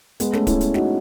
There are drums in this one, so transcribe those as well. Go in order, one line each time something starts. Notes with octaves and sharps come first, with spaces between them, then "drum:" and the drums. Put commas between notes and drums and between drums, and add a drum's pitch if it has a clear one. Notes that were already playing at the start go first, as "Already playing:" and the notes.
G#3 B3, drum: hi-hat
A3 C#4, drum: snare
C#4 E4, drum: kick D1, hi-hat
drum: hi-hat
D#4 F#4, drum: snare